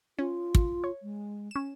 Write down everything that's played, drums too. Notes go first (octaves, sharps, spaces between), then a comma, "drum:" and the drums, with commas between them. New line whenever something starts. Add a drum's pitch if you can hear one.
C#4 F4
drum: kick
C#5
G#3
C#4 E7